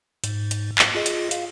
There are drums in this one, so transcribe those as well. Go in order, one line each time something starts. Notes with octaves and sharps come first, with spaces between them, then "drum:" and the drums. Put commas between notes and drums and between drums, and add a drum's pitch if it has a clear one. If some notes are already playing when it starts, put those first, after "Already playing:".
G#2, drum: hi-hat
drum: hi-hat
drum: clap
F4 G#4 D#5
drum: hi-hat
F5, drum: hi-hat